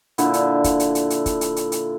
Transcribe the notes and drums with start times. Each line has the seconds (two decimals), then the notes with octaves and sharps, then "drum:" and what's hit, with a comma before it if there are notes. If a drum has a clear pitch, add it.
0.18 A#2 D3 E4, drum: hi-hat
0.33 drum: hi-hat
0.64 drum: kick, hi-hat
0.80 drum: hi-hat
0.95 drum: hi-hat
1.10 drum: hi-hat
1.26 drum: kick, hi-hat
1.41 drum: hi-hat
1.56 drum: hi-hat
1.72 drum: hi-hat